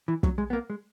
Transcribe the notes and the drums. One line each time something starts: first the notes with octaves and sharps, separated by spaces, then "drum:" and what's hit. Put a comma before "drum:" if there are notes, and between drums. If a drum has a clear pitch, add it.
E3
F#3, drum: kick
G#3
B3
A#3
G#3